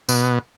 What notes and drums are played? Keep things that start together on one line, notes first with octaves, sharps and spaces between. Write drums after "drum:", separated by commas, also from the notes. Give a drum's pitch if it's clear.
B2, drum: tambourine